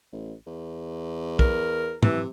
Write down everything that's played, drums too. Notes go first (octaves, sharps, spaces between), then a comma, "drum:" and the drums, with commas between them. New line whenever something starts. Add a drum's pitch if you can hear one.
A1
E2
A#4, drum: kick
C3 E3, drum: tom